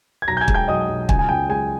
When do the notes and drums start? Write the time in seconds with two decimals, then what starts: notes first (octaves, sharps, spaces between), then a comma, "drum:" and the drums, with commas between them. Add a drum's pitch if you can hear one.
0.22 G#6
0.28 B1 A#5 A#6
0.37 G6
0.41 G#5 G#6
0.48 G#3, drum: kick
0.54 G5 G6
0.68 B1 D#5 D#6
0.88 B1
1.09 C#2 G#5, drum: kick
1.19 G#5
1.29 C#2 G5
1.49 G#3 G#5